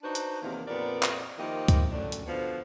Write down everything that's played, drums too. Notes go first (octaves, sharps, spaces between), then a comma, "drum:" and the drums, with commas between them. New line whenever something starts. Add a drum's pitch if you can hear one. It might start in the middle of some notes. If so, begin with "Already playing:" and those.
D4 D#4 F#4 B4 C5
drum: hi-hat
E2 C3 D#3 E3 F#3 A#3
F2 A#2 B3 A#4 D5
drum: clap
D#3 F3 A#3 E4 G4 D#5
drum: kick C#2, hi-hat
F#2 A2 D3 D4
drum: hi-hat
B2 D3 F3 B3